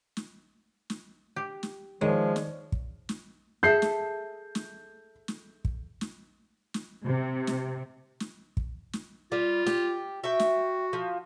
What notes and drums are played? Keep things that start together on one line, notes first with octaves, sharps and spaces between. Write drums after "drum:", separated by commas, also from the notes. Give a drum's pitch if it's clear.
drum: snare
drum: snare
G4
drum: snare
D#3 F3 G#3 C#5 D5
drum: snare
drum: kick
drum: snare
G#4 A4 E5 G6 C7
drum: snare
drum: snare
drum: snare
drum: kick
drum: snare
drum: snare
C3
drum: snare
drum: snare
drum: kick
drum: snare
G3 F4
G4, drum: snare
F#4 E5 G5
drum: snare
F3